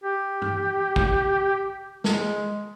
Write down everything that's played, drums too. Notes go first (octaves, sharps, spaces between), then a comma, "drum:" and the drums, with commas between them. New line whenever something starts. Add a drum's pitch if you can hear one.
G4
drum: tom
drum: kick
G#3, drum: snare